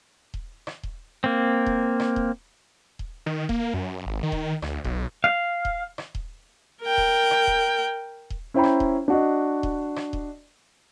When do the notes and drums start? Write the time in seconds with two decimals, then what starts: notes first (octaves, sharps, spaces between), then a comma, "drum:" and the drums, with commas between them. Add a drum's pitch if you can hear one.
0.34 drum: kick D#1
0.67 drum: rim click
0.83 drum: kick D#1
1.24 A#3 C4
1.66 drum: kick D#1
2.00 drum: rim click
2.16 drum: kick D#1
2.99 drum: kick D#1
3.26 D#3
3.49 A#3, drum: kick D#1
3.74 F#2
4.06 G#1
4.23 D#3
4.32 drum: kick D#1
4.62 D2, drum: rim click
4.84 B1, drum: kick D#1
5.24 F5
5.65 drum: kick D#1
5.98 drum: rim click
6.15 drum: kick D#1
6.83 A#4 G5
6.98 drum: kick D#1
7.31 drum: rim click
7.47 drum: kick D#1
8.30 drum: kick D#1
8.54 C#4 E4 C5 G5 A#5 B5
8.64 drum: rim click
8.80 drum: kick D#1
9.08 D4 F#4 D#5
9.63 drum: kick D#1
9.96 drum: rim click
10.13 drum: kick D#1